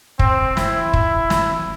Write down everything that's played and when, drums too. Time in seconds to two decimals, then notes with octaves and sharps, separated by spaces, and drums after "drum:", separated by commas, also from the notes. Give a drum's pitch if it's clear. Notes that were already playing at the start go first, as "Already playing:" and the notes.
0.19 C4, drum: kick
0.57 E4, drum: snare
0.93 drum: kick
1.30 drum: snare